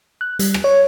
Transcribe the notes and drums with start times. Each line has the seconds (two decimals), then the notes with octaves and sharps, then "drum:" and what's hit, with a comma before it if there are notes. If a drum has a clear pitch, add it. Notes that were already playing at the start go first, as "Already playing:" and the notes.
0.21 F#6
0.39 G3, drum: hi-hat
0.54 drum: rim click
0.64 C#5